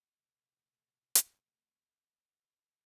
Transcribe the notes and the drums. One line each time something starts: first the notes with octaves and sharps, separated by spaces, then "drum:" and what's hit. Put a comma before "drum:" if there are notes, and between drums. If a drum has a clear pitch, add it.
A#1 C3 E3 F3 A3
drum: hi-hat